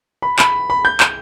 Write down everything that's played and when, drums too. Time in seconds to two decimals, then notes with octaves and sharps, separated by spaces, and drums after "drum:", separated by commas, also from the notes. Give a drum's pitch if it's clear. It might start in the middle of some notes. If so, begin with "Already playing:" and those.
0.22 B5
0.39 B5, drum: clap
0.70 B5
0.85 G6
1.00 G6, drum: clap